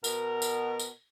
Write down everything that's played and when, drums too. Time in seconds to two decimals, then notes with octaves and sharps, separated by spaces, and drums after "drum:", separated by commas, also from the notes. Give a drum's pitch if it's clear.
0.04 B2 A#4, drum: tambourine
0.42 drum: tambourine
0.80 drum: tambourine